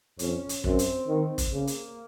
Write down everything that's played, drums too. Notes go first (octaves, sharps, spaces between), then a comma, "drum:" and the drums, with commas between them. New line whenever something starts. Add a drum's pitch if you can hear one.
F2 C#4, drum: hi-hat
drum: hi-hat
F#2 C4, drum: kick
drum: hi-hat
D#3
drum: kick, hi-hat
C#3 A#3
drum: hi-hat